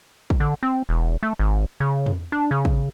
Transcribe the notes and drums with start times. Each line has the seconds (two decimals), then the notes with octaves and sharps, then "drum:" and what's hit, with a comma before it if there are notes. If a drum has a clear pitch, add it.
0.30 drum: kick
0.40 D3
0.63 C4
0.89 E1
1.23 A3
1.39 G#1
1.80 C#3
2.06 drum: tom
2.32 D4
2.51 C#3
2.65 drum: kick